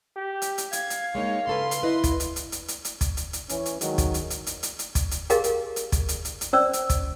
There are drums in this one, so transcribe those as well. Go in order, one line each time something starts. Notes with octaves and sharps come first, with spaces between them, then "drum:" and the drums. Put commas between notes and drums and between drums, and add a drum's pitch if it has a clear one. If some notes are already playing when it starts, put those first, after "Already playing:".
G4
drum: hi-hat
drum: hi-hat
F5 G#6, drum: hi-hat
drum: hi-hat
G#3 A#3 D#4 C#5
C#3 A4 B4 C6
drum: hi-hat
E4 B4 D#5
drum: kick, hi-hat
drum: hi-hat
drum: hi-hat
drum: hi-hat
drum: hi-hat
drum: hi-hat
drum: kick, hi-hat
drum: hi-hat
drum: hi-hat
E3 C#4, drum: hi-hat
drum: hi-hat
D#3 F#3 G#3, drum: hi-hat
drum: kick, hi-hat
drum: hi-hat
drum: hi-hat
drum: hi-hat
drum: hi-hat
drum: hi-hat
drum: kick, hi-hat
drum: hi-hat
G4 G#4 A#4 D#5 F5, drum: hi-hat
drum: hi-hat
drum: hi-hat
drum: kick, hi-hat
drum: hi-hat
drum: hi-hat
drum: hi-hat
C#4 C5 D5 E6
drum: hi-hat
drum: kick, hi-hat